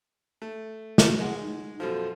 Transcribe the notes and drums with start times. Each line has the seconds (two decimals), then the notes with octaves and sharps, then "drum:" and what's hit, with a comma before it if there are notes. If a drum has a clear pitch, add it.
0.42 A3
0.98 F#4, drum: snare
1.20 G#3 F#5
1.41 D#4
1.80 F#2 B2 F3 A4